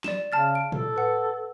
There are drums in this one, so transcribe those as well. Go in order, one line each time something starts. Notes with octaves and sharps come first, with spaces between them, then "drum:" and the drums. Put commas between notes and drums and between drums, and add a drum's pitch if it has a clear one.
D5 E7, drum: snare
C#3 A5 F6 A6
D7
A4, drum: tom A2
B4 F#5